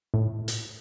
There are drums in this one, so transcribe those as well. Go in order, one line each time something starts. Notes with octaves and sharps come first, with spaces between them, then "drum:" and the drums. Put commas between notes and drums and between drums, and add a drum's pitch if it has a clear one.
A2
drum: hi-hat